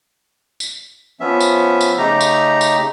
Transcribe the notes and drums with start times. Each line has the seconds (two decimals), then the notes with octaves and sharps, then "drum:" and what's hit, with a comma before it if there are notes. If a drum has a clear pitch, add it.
0.60 drum: tambourine
1.20 F3 B3 C#4 E5
1.40 drum: tambourine
1.81 drum: tambourine
1.98 C#3 A3 D#4 G4 A#5
2.21 drum: tambourine
2.61 drum: tambourine